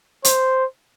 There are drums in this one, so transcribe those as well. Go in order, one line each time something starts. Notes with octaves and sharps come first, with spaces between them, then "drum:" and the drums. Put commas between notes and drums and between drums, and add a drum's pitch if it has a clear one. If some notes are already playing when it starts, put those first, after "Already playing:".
C5, drum: hi-hat